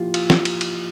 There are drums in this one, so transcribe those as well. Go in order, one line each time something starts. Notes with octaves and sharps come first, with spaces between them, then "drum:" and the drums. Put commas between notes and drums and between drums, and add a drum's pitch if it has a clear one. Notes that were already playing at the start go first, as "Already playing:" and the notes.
Already playing: F3 A#3 E4 F4 G4
F4, drum: cymbal
drum: snare
drum: cymbal
drum: cymbal